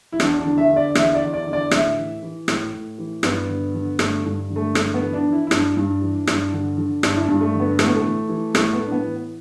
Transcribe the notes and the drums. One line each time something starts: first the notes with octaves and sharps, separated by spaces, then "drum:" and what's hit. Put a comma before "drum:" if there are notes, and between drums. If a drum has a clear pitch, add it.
E4
E2 D4, drum: rim click
D4
D3
E5
D3
D5
E2 E5, drum: rim click
D5
E2
D5
D3
D5
A2 E5, drum: rim click
E3
E3
A2, drum: rim click
A2
E3
G2 B3, drum: rim click
D3
D3
G2 A3, drum: rim click
G2
D3
A3
G2 A3, drum: rim click
B3
E3
D4
E3
E4
E4
G2 D4, drum: rim click
G2
E3
G2, drum: rim click
D3
D3
G2 D4, drum: rim click
E4
D4
G2
A3
D3
B3
A2 A3, drum: rim click
B3
A3
E3
E3
A2 A3, drum: rim click
B3
A2
D4
B3
E3